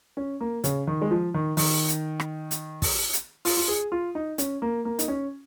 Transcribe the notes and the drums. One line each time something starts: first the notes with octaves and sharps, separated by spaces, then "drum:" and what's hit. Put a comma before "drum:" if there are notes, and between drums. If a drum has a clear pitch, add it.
C#4
A#3
C#3, drum: hi-hat
D#3
G#3
F3
D#3
D#3, drum: open hi-hat
drum: hi-hat
drum: rim click
drum: hi-hat
drum: kick, open hi-hat
drum: hi-hat
F4, drum: open hi-hat
F4
G#4
F4
D#4
C#4, drum: hi-hat
A#3
A#3
D#4, drum: hi-hat
C#4